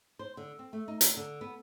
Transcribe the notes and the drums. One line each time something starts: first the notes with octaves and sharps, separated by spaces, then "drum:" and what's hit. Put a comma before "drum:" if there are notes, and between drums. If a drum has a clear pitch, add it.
C5
D3
C4
A3
D#4
A#4, drum: hi-hat
D3
B3